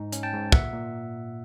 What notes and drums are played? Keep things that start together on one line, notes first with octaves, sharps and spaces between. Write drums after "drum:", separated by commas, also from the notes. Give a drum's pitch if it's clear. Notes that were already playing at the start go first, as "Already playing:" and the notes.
Already playing: G#2 D#4
C#4, drum: hi-hat
G5 A5
G#2
A#2 E5 F#5, drum: kick
A#2